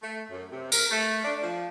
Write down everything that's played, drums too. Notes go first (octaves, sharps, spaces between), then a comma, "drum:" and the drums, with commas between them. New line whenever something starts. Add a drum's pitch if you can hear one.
A3
F#2
C3
A#4, drum: tambourine
A3
D4
F3